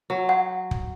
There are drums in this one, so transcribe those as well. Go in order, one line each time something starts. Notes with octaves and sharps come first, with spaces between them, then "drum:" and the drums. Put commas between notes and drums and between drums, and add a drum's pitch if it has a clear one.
F#3
F#5
drum: kick